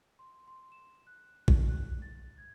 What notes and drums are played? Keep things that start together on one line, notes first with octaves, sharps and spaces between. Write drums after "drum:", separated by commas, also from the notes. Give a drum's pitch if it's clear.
C6
C6
E7
F#6
drum: kick A#1
F#6
A6
G#6